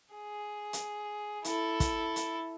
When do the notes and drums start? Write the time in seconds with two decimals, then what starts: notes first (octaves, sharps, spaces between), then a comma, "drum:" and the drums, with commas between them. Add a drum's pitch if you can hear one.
0.14 G#4
0.73 drum: hi-hat
1.44 E4 A4, drum: hi-hat
1.80 drum: kick, hi-hat
2.16 drum: hi-hat